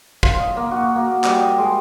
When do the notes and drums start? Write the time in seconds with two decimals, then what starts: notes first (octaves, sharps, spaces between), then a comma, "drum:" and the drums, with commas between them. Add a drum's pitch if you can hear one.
0.23 F4, drum: kick
0.40 D#5
0.57 A#3
0.71 F#4
0.95 A#3
1.24 G3, drum: clap
1.39 D#5
1.58 G#3